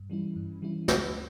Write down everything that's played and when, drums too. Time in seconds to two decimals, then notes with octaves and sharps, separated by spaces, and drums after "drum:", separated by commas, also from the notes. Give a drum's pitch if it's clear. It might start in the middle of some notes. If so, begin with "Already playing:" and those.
Already playing: G2
0.10 E3 G3 C#4 E4
0.36 G2
0.62 E3 G3 C#4 E4
0.88 D2, drum: snare